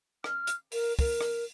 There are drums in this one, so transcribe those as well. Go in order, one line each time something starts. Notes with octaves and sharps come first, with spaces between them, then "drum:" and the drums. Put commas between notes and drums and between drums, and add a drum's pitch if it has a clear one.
F6, drum: rim click
drum: hi-hat
A#4, drum: open hi-hat
A#4, drum: kick, open hi-hat
drum: rim click